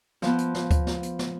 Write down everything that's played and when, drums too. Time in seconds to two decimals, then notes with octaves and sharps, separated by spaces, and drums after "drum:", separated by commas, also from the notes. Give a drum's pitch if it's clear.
0.22 F3 B3, drum: snare
0.38 drum: hi-hat
0.54 drum: snare
0.71 drum: kick D2, hi-hat
0.87 drum: snare
1.03 drum: hi-hat
1.19 drum: snare